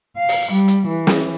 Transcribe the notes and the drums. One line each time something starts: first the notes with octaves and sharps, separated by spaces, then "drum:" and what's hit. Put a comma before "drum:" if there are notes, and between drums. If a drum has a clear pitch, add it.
F5
drum: open hi-hat
G3
drum: hi-hat
E3
drum: snare